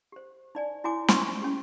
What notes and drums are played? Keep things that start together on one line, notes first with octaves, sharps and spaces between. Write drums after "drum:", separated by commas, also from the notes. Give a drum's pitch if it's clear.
G4 C5
D#4 D5 G#5
E4 F#4 C#5 G#5 D6
C#4 F#4 C5 D#5 C6 C#6, drum: snare
C#4 G4